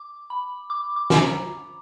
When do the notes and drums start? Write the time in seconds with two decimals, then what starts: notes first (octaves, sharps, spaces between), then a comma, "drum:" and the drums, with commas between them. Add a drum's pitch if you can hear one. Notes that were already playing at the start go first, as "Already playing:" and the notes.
Already playing: D6
0.30 B5
0.70 D6
0.96 D6
1.10 drum: snare
1.24 A#5